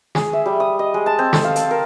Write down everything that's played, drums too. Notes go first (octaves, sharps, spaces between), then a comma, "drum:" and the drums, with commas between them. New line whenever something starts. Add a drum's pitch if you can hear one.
G#4, drum: snare
E5
G3
D#6
D#5
G#3
A5
C4
A4, drum: snare
F5
A5, drum: hi-hat
A#4